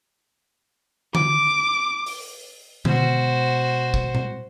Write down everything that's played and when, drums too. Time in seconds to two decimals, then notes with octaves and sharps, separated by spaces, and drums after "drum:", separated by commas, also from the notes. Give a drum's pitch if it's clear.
1.15 D6, drum: tom D3
2.06 drum: open hi-hat
2.85 B2 G#3 F#4 C5, drum: tom D3
3.94 drum: kick
4.15 drum: tom A#2